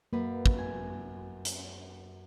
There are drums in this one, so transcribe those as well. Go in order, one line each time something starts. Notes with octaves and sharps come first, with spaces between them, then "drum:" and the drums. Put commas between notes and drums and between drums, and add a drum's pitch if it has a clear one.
F#2 A#3 B4
drum: kick
G#5
drum: hi-hat